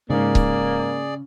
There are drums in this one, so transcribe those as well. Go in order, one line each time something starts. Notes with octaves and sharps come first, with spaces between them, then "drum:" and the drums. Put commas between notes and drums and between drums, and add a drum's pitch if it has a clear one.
G#2 C#3 A#3 G#4 D5
drum: kick C#1